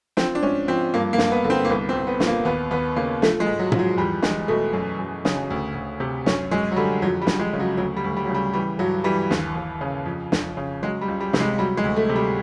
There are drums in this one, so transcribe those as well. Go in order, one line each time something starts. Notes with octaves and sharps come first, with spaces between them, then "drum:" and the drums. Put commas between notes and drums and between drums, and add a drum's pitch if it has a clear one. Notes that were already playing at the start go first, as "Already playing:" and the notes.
F3 C4, drum: snare
D4
G#2 C#4
F3 C4
G2 A#3
A#3
G2, drum: snare
B3
D3
C4
A#3
C2 B3
C4
C2
B3
A#2, drum: snare
A#3
D#2 B3
D#2 B3
C#3 A#3
F3 A3, drum: snare
G#3
G#2
F#3
F3, drum: tom
F#3
E2 G3
E2 G#3, drum: snare
B2 A3
F#2
F#2
C#3, drum: snare
D2
D2
C3
F#2 C#4, drum: snare
F#2 G#3
F#3
D3 G3
F2 F#3
G3
F2, drum: snare
G#3
C#3
F#3
D2 F#3
G3
D2
G3
C#3 F#3
G3
E3 G3
G2 F#3
E3 G3
D#2, drum: snare
D#2
C#3
F2
F2, drum: snare
C#3
F#3 G#3
G3
C#2
G3
C3, drum: snare
G#3
F#3 G3
G#3
D2
A3
C3
G3